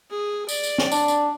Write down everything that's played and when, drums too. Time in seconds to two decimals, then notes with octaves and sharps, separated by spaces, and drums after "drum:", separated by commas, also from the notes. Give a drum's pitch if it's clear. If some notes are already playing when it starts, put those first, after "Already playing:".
0.10 G#4
0.49 D5, drum: tambourine
0.64 drum: tambourine
0.78 drum: snare
0.92 D4, drum: tambourine
1.08 drum: tambourine